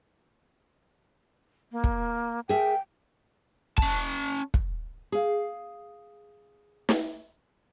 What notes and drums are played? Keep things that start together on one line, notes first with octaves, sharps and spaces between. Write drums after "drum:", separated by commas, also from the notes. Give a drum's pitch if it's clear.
A#3
drum: kick
G#4 A#4 E5 G5
C#4 A5, drum: kick
drum: kick
G#4 F5
drum: snare